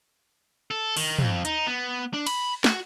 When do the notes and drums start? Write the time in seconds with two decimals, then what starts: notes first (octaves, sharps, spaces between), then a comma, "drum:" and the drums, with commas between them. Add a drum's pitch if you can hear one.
0.71 A4
0.97 D#3, drum: open hi-hat
1.18 F2, drum: tom
1.45 D#4, drum: hi-hat
1.67 B3
2.13 D4
2.27 B5, drum: cymbal
2.64 F#4, drum: snare